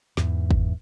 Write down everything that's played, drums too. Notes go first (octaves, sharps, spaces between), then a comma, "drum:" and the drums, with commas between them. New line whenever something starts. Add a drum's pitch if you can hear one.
E2 G#2 E3, drum: snare
drum: kick